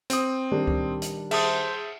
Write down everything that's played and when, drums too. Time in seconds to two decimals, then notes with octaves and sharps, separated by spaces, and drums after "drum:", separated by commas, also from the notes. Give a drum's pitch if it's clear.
0.10 C4 D#6, drum: hi-hat
0.51 D#3 G3 D4
0.67 drum: kick C#2
1.02 drum: hi-hat
1.31 G#4 C5 E5 A5 D#6, drum: cymbal